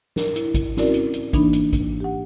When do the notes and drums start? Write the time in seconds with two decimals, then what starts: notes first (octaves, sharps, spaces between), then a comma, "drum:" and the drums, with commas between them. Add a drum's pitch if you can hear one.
0.16 A#4, drum: snare
0.36 E4, drum: hi-hat
0.54 drum: kick G#1, hi-hat
0.77 C4 C#4 E4 F#4 A#4 D5, drum: snare
0.94 drum: hi-hat
1.14 drum: hi-hat
1.33 E3 A#3 D4 D#4 B5, drum: kick G#1, hi-hat
1.53 drum: hi-hat
1.73 drum: kick G#1, hi-hat
2.00 G4 F#5